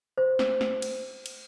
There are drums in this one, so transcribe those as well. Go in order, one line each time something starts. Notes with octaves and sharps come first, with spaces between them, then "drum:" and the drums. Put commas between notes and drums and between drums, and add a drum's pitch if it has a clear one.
C5
drum: snare
drum: snare
drum: cymbal
drum: cymbal